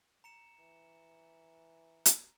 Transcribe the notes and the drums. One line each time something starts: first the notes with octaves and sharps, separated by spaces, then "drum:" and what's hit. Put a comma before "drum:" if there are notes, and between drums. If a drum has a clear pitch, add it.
A#5 C#7 E7
E3
drum: hi-hat